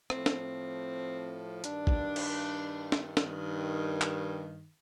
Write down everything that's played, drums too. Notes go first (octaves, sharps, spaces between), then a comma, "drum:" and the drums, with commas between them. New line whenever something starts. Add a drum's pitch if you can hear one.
A2 F3 C4, drum: rim click
drum: snare
G2 D#3 D4, drum: hi-hat
drum: kick
drum: cymbal
drum: snare
G2 D#3, drum: snare
drum: clap